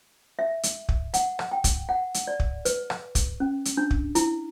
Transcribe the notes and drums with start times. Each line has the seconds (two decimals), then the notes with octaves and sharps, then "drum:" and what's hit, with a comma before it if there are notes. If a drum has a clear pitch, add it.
0.39 E5
0.63 drum: hi-hat
0.89 drum: kick
1.14 F#5, drum: hi-hat
1.39 drum: rim click
1.52 G5
1.64 drum: kick, hi-hat
1.89 F#5
2.14 drum: hi-hat
2.27 D5
2.40 drum: kick
2.65 B4, drum: hi-hat
2.90 drum: rim click
3.15 drum: kick, hi-hat
3.40 C#4
3.65 drum: hi-hat
3.77 D4
3.91 drum: kick
4.15 E4, drum: hi-hat